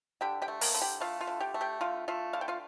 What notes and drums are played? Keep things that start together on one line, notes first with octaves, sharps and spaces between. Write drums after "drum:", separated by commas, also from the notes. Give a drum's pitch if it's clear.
D3 G4 G5
G4 G5
A3
A#3 A#4, drum: open hi-hat
D3
G4 G5
A3 F4 F5
F4 F5
D3
G4 G5
A3
G4 G5
D3 F4 F5
A3 F4 F5
D3 F5
G5
F4 F5